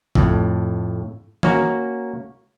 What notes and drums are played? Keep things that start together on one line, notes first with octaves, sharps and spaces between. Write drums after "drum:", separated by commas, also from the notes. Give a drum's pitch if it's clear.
F2 A2, drum: kick G#1
A#3 C#4 F#4 A#5, drum: tom